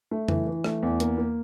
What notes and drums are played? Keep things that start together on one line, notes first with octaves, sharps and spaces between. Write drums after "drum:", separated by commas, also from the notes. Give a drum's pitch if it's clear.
A3
E3, drum: tom
E3
A3, drum: rim click
E2
A#3, drum: hi-hat
A#3